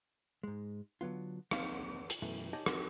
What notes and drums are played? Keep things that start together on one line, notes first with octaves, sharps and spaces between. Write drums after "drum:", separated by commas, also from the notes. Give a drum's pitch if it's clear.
G#2 G#3
D3 F#3 B3 F4
A#3 C4 D#4 F5, drum: rim click
drum: hi-hat
F#2 B2 E3 A3
D#4 G4 C#5 D#5 G#5 A5
C4 D#4 F#4 G4 A4 A#4, drum: rim click